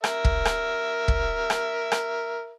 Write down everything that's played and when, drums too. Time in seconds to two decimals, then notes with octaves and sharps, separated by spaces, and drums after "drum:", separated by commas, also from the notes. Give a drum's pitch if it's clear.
0.04 A#4 E5, drum: rim click
0.25 drum: kick
0.45 drum: rim click
1.08 drum: kick
1.50 drum: rim click
1.92 drum: rim click